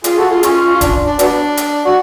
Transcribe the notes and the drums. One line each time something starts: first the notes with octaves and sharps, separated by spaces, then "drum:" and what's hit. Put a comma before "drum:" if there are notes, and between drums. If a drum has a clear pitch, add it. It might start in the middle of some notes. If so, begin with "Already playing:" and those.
F4 G#4, drum: hi-hat
F#4 A4
F4 G#4
C#4 F4, drum: hi-hat
F4
D4, drum: kick D#1, hi-hat
D4
F#3 B3 D4, drum: hi-hat
drum: hi-hat
F#4